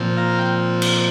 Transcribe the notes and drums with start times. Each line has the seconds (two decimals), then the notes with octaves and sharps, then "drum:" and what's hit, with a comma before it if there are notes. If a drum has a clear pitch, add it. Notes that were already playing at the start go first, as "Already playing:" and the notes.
Already playing: A#2 F3 C4
0.17 F5 A#5
0.39 G5
0.82 drum: cymbal